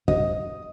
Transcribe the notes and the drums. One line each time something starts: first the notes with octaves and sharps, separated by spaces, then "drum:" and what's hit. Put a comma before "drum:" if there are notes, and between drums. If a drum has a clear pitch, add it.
D#5, drum: kick